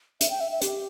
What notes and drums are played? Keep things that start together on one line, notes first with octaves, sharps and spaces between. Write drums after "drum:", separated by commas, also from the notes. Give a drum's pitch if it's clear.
E5, drum: hi-hat
G5
E5
E5
G4, drum: hi-hat